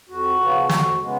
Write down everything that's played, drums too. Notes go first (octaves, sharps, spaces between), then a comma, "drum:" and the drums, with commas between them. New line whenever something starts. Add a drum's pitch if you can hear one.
F2 F#4
C#3 F3 B3
F2, drum: snare
C#3 G#3 B3